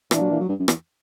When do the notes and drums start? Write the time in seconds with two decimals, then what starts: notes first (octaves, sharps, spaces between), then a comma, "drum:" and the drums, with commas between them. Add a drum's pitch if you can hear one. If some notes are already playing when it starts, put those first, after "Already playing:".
0.11 A#2 E3 A#3 D4, drum: rim click
0.21 F#3
0.31 E3
0.40 F#3
0.49 G2
0.59 F#2
0.68 E2, drum: rim click